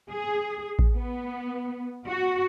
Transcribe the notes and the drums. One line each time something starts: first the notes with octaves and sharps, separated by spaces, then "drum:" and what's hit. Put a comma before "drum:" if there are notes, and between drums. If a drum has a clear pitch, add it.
G#4
drum: kick A1
B3
F#4